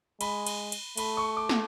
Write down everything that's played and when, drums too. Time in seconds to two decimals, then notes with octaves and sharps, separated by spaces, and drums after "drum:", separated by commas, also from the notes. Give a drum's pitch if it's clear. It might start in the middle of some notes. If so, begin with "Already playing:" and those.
0.21 G#3 B5, drum: cymbal
0.46 drum: cymbal
0.72 drum: cymbal
0.97 A3 B5, drum: cymbal
1.17 C#6
1.37 D6
1.49 drum: snare